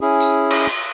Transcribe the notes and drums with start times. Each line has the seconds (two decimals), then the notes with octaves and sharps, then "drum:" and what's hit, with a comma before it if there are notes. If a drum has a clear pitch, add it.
0.01 C#4 E4 G#4
0.20 drum: tambourine
0.51 drum: cymbal